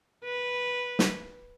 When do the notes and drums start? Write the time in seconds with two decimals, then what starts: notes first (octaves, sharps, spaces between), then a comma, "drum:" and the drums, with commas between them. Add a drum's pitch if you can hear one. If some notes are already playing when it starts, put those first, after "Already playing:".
0.25 B4
0.99 drum: snare